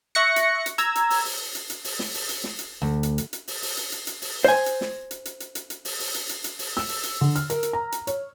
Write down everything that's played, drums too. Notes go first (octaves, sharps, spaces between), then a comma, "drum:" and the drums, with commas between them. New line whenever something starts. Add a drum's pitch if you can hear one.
E5 C#6 F#6 A#6 C#7
drum: hi-hat
drum: hi-hat
A#5 E6 G#6, drum: hi-hat
drum: hi-hat
drum: open hi-hat
drum: open hi-hat
drum: hi-hat
drum: hi-hat
drum: open hi-hat
drum: snare
drum: open hi-hat
drum: hi-hat
drum: snare
drum: hi-hat
D2
drum: hi-hat
drum: hi-hat
drum: hi-hat
drum: open hi-hat
drum: open hi-hat
drum: hi-hat
drum: hi-hat
drum: hi-hat
drum: open hi-hat
C5 G#5
drum: hi-hat
drum: snare
drum: hi-hat
drum: hi-hat
drum: hi-hat
drum: hi-hat
drum: hi-hat
drum: open hi-hat
drum: open hi-hat
drum: hi-hat
drum: hi-hat
drum: hi-hat
drum: open hi-hat
E6, drum: snare
drum: open hi-hat
drum: hi-hat
D3
F6, drum: hi-hat
A#4, drum: hi-hat
drum: hi-hat
A#5
drum: hi-hat
C#5, drum: hi-hat